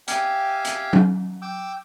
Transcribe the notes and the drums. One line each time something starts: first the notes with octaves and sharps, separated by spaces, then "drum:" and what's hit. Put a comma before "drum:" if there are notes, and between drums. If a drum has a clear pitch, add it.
G4 E5 F5 G5 G#5, drum: hi-hat
drum: hi-hat
drum: tom F#3
G5 D6 E6